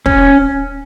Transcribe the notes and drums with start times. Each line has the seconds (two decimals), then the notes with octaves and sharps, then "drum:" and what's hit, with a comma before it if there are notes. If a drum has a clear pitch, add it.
0.06 C#4, drum: kick